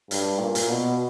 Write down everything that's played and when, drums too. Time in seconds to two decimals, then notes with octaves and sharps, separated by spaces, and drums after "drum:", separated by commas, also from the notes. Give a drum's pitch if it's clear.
0.11 G2, drum: hi-hat
0.40 A#2
0.55 drum: hi-hat
0.70 B2